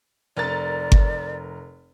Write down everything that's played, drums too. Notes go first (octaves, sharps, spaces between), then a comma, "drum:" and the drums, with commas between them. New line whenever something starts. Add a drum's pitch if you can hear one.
F1 A#4 D5 A6
drum: kick G1